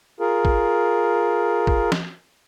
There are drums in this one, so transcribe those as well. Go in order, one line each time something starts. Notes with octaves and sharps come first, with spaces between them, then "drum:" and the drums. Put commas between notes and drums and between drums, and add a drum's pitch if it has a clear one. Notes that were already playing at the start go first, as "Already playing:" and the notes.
F4 G#4 A#4
drum: kick
drum: kick
drum: snare